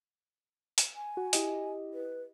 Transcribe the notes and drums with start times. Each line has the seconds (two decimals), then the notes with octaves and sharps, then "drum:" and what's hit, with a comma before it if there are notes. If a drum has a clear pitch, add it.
0.78 drum: hi-hat
0.95 G#5
1.17 F#4
1.33 E4 G4 D#5, drum: hi-hat
1.94 B4